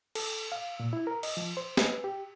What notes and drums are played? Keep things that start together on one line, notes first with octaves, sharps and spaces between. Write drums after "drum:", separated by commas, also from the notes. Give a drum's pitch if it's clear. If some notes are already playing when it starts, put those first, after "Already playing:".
A4, drum: cymbal
F5
A#2
E4
A#4
D#5, drum: cymbal
F3
C5
B4, drum: snare
G4